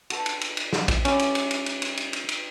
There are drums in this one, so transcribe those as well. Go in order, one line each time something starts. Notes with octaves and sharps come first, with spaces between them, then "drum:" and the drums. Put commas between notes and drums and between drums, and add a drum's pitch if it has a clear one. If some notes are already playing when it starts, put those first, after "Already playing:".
F#4 A4 B4, drum: cymbal
drum: cymbal
drum: cymbal
drum: cymbal
drum: snare
drum: kick, cymbal
G3 C#4 E4 G4, drum: cymbal
drum: cymbal
drum: cymbal
drum: cymbal
drum: cymbal
drum: cymbal
drum: cymbal
drum: cymbal
drum: cymbal